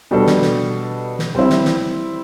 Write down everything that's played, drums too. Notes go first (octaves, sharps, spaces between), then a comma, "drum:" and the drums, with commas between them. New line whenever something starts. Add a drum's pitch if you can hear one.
B2 G3 D4 A4
drum: snare
drum: snare
drum: snare
G3 C4 E4
drum: snare
drum: snare